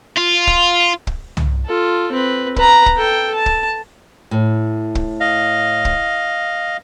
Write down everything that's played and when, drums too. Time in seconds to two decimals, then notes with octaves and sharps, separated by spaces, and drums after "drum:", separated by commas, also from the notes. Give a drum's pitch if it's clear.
0.17 F4
0.47 drum: kick
1.07 drum: kick
1.37 drum: tom
1.65 F4 A4
2.12 C4 B4
2.56 B4 A#5, drum: kick
2.86 drum: kick
2.97 A4 G5
3.34 A5
3.46 drum: kick
4.31 A2
4.95 drum: kick
5.20 D#5 F5
5.85 drum: kick